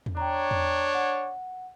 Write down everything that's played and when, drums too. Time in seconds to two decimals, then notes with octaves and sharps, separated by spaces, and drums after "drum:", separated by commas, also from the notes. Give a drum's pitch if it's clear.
0.06 drum: tom E2
0.17 D4 C#5 G5 A#5
0.51 drum: tom E2
0.94 F#5